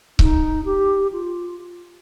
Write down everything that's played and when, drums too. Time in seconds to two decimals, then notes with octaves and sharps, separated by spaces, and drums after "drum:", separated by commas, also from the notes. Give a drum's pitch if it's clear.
0.19 D#4, drum: kick C#1
0.65 G4
1.13 F4